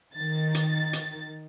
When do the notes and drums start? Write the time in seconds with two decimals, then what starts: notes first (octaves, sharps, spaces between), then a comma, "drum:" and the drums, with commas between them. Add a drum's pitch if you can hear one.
0.16 D#3 A6
0.55 drum: hi-hat
0.93 drum: hi-hat